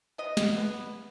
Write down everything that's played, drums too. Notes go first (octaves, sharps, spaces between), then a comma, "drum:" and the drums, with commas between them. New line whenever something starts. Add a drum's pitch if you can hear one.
B3 D#5
drum: snare
B3